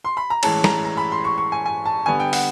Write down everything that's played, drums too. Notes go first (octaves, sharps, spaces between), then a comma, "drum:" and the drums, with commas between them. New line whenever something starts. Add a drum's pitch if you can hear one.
C6
B5
A#5
A2 E3 G#3 C#4 A5, drum: cymbal
A#5, drum: snare
A#5
B5
C6
C#6
C#6
G#5
G#5
A5
D3 G3 B3 G#5
G5
F#5, drum: open hi-hat